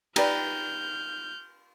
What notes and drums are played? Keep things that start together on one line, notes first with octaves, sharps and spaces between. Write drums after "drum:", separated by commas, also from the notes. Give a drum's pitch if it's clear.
D#4 G4 B4 D5 F6 G6, drum: cymbal